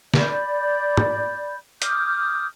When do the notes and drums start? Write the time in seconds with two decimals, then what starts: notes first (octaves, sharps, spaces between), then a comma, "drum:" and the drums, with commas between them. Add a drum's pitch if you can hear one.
0.14 D5 B5 G6, drum: snare
0.97 drum: tom
1.82 D6 D#6 F6 G6, drum: hi-hat